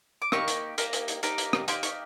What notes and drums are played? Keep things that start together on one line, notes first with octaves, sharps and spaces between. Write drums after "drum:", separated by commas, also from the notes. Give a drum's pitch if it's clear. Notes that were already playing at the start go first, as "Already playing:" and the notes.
D6
A#3 D#4 G4 C#6, drum: rim click
drum: hi-hat
A#3 D#4 G4, drum: hi-hat
drum: hi-hat
drum: hi-hat
A#3 D#4 G4, drum: hi-hat
drum: hi-hat
drum: rim click
A#3 D#4 G4 C6, drum: hi-hat
C#6, drum: hi-hat